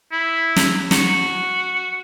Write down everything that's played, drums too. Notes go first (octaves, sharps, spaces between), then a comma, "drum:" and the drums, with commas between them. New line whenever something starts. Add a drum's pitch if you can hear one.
E4
drum: snare
F#4, drum: snare